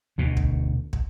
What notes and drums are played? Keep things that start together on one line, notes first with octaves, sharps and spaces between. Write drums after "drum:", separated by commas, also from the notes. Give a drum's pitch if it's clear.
D2 B2
drum: kick
drum: kick